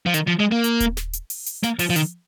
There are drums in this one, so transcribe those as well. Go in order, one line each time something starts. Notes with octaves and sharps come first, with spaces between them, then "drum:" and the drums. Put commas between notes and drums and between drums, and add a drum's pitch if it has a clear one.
F3
D#3, drum: hi-hat
F3
G#3
A#3
drum: hi-hat
drum: kick D#1, hi-hat
drum: snare
drum: hi-hat
drum: open hi-hat
drum: hi-hat
A#3, drum: snare
F3, drum: open hi-hat
F3
D#3, drum: hi-hat